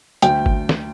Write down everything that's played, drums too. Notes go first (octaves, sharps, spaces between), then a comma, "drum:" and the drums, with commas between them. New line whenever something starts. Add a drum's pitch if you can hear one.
D2 G5, drum: hi-hat
drum: kick G#1
drum: snare